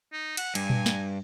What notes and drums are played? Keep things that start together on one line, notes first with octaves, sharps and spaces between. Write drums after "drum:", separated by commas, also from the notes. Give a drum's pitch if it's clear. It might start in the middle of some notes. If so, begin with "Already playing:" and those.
D#4
F#5, drum: cymbal
G2 G#5, drum: cymbal
drum: tom A#2
drum: snare